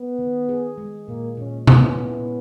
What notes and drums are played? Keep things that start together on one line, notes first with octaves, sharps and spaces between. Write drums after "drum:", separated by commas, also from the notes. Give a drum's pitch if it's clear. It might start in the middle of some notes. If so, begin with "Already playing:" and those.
Already playing: B3
D#3
G#4
G#3
A#2 A#3
A#2 C#4
B3 C#4, drum: tom C3
E4